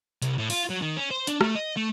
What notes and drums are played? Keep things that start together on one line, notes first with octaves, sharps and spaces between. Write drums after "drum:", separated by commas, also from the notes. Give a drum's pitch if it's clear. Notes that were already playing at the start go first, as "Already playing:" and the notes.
C2, drum: hi-hat
A2
F4, drum: open hi-hat
F#3
D#3
C#4
C5
D4, drum: hi-hat
A3, drum: rim click
D#5
A3